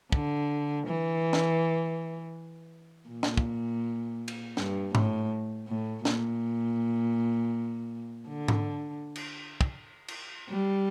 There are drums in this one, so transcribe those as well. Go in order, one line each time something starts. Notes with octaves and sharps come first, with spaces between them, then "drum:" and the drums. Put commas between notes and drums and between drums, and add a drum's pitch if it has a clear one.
D3, drum: kick
E3
drum: snare
A#2
drum: snare
drum: kick
drum: cymbal
G2, drum: snare
A2, drum: tom G#2
A2
A#2, drum: snare
D3
drum: tom G#2
drum: cymbal
drum: kick
drum: cymbal
G3